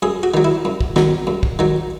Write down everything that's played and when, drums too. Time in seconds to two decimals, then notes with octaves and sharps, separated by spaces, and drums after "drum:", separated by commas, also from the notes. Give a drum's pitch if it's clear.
0.02 F#2 G#4
0.23 F#4
0.34 D#3 F#3
0.44 E4
0.65 F#2
0.81 drum: kick
0.96 D#3 F#3, drum: snare
1.27 F#2
1.43 drum: kick
1.59 D#3 F#3